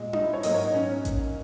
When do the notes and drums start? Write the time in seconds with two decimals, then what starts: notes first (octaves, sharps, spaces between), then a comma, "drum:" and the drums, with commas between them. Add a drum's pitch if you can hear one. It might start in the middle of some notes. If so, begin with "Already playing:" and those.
Already playing: A#2 G#3
0.13 D#4, drum: tom D4
0.23 E4
0.33 C#5
0.43 G#2 F#3 A#3 D#5, drum: open hi-hat
0.54 C#5
0.64 D#4
0.74 C#4
1.05 drum: kick A1, hi-hat